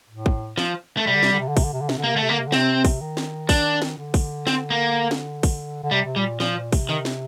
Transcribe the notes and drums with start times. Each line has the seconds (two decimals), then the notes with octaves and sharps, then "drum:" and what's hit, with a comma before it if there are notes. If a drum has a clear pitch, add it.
0.09 A2
0.26 drum: kick
0.58 F3, drum: snare
0.97 A3
1.07 C3 G3
1.15 D3
1.23 C3, drum: snare
1.31 D3
1.40 C3
1.48 D3
1.57 C3, drum: kick, open hi-hat
1.64 D3
1.73 C3
1.81 D3
1.89 C3, drum: snare
1.98 D3
2.04 C3 A#3
2.14 D3 A3
2.23 C3
2.29 D3 A#3
2.40 C3
2.47 D3
2.52 C3 C4, drum: snare
2.85 drum: kick, open hi-hat
3.01 D#3
3.17 drum: snare
3.49 D4, drum: kick, open hi-hat
3.82 drum: snare
3.98 D3
4.14 drum: kick, open hi-hat
4.47 C4, drum: snare
4.70 A#3
5.11 drum: snare
5.43 drum: kick, open hi-hat
5.83 D3
5.91 C3 G3
6.05 C3
6.16 A#2 G3
6.40 A#2 F3, drum: snare
6.56 A#2
6.72 C3, drum: kick, open hi-hat
6.89 D#3
7.05 drum: snare